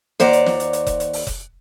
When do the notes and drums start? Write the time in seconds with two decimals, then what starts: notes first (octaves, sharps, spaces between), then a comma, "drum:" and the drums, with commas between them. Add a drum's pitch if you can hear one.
0.20 D#2 C5 D5 F#5 A#5, drum: snare
0.33 drum: hi-hat
0.46 drum: snare
0.60 drum: hi-hat
0.73 drum: hi-hat
0.87 drum: kick F1, hi-hat
1.00 drum: hi-hat
1.13 drum: open hi-hat
1.27 drum: kick F1, hi-hat